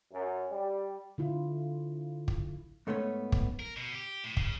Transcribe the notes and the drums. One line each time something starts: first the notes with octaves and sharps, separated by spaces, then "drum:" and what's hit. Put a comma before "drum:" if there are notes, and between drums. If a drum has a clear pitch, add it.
F#2
G3
D3 E4 F4
drum: kick
G#2 A3 B3 C#4 B4 C#5
drum: kick
A#4
B2
G4
A2
C#3, drum: kick